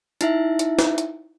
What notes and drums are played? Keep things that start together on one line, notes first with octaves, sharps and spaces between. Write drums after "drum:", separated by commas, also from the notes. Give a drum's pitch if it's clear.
D#4 E4 E5, drum: hi-hat
drum: hi-hat
drum: snare
drum: hi-hat